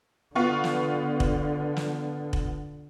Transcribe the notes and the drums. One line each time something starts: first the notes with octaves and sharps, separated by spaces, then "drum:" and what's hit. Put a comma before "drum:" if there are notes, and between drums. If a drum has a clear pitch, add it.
D3 B3 F4 C#6
drum: snare
drum: kick
drum: snare
drum: kick